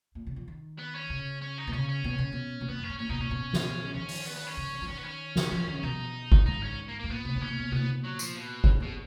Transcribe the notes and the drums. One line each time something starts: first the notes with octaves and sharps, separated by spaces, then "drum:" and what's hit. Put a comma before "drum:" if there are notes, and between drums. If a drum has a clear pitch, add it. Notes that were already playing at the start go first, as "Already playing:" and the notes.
A#2
C#3
F3
D#3
B3
C#4
C#3
C#4
D#4
B2
C#3 C#4
C#4
B2
C#3
B2
B2
A#2 B3
F#2
C#4
G#2
A#2 C#4
B2 D#4
A#2 C#4
B2
drum: snare
D#3 C#4
drum: open hi-hat
B3
B3
C#4
C#3
C#3
F3
D#3 C#4
B3
C#4
drum: snare
F3
D#3
B2 D#4
drum: kick
G#2 D#4
C#4
A#3
G#2 A#3
A#2 B3
C#3, drum: tom C3
B2
C#4
A#2
B2
A#2 B3, drum: tom C3
F#3
F3, drum: tambourine
B2
drum: kick
F#2 B2